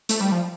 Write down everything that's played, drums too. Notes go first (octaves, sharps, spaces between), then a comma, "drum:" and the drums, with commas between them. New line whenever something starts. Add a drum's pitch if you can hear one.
A3, drum: hi-hat
G3
F3